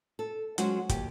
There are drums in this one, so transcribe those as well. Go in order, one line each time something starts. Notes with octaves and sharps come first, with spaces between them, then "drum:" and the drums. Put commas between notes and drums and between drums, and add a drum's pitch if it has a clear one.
A4
F#3 G#3 C#4 F#4 G#4 C5, drum: hi-hat
D#2 G4, drum: kick, hi-hat